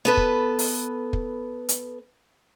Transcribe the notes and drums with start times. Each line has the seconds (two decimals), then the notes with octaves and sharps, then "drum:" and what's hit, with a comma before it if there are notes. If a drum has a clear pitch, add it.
0.05 B3 A4 B4
0.17 drum: kick
0.59 drum: open hi-hat
1.13 drum: kick
1.69 drum: hi-hat